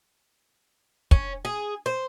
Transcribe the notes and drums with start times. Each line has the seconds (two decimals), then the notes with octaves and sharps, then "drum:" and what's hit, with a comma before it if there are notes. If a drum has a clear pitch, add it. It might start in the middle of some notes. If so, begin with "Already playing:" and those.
1.11 C#4, drum: kick
1.45 G#4
1.86 C5